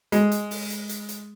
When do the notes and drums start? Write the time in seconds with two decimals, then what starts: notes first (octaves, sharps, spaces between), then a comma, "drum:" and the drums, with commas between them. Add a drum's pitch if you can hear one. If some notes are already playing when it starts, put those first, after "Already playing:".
0.12 G#3, drum: hi-hat
0.32 drum: hi-hat
0.51 drum: open hi-hat
0.70 drum: hi-hat
0.89 drum: hi-hat
1.09 drum: hi-hat